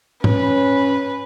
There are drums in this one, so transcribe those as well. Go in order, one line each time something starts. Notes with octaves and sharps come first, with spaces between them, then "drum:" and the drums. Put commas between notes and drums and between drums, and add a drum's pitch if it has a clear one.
C#4 B4, drum: tom G#2